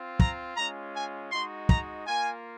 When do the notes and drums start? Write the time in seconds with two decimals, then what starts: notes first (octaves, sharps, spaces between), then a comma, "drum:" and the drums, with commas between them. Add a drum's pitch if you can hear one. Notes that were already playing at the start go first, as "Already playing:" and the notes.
Already playing: C4 F4
0.20 A#5, drum: kick
0.57 G#3 C#4 F4 A#5
0.94 G#5
1.31 G#3 D#4 F#4 C6
1.69 A#5, drum: kick
2.07 A#3 F4 G#5